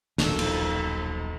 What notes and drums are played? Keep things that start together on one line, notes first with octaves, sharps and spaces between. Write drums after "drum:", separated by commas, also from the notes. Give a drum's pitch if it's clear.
D#1 B1 D#3 F3 D4 A4, drum: snare
drum: cymbal